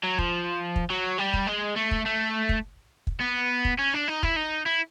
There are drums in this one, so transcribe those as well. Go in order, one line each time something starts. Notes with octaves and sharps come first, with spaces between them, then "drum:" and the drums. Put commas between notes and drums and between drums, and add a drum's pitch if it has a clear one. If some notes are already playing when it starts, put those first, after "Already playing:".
F#3
F3, drum: kick
drum: kick
F#3
G3
drum: kick
G#3
A3
drum: kick
A3
drum: kick
drum: kick
B3
drum: kick
C#4
D4
D#4
E4, drum: kick
D#4
E4